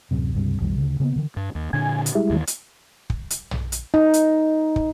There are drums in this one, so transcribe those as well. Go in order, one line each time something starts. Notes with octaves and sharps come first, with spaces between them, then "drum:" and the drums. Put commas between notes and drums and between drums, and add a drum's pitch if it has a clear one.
D1 G1 F#2 C3
C#2 G2 C3
B1 F2 D#3 G3
D2 C#3
C#3 A#3 B3
D3 E3
G2
D#2
A#2 D3 D4 G#5
drum: hi-hat
G3 G#3 E4
D#2 D#3 E3
drum: hi-hat
drum: kick
drum: hi-hat
drum: tom
drum: hi-hat
D#4
drum: hi-hat
drum: kick